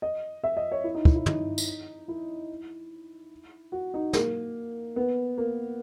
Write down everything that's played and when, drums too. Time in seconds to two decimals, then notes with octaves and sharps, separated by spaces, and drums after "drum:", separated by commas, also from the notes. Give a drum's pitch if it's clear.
0.02 D#5
0.44 E5
0.57 D#5
0.72 C#5
0.84 E4
0.95 D#4
1.05 E4, drum: kick
1.16 E4
1.26 D#4, drum: tom
1.58 drum: tambourine
2.08 E4
3.72 F#4
3.94 D#4
4.13 A#3, drum: snare
4.96 B3
5.38 A#3